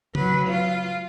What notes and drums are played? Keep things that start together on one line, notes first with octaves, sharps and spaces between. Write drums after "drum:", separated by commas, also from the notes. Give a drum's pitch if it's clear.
F#3 B4, drum: tom C#3
F4